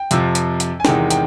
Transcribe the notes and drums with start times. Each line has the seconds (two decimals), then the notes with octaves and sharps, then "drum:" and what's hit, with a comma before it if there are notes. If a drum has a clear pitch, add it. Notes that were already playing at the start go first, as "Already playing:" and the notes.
Already playing: G5
0.11 F2 C3 F3, drum: hi-hat
0.35 drum: hi-hat
0.60 drum: hi-hat
0.80 G#5
0.85 E2 C3 D#3 G#3 G5, drum: snare
1.11 G5, drum: hi-hat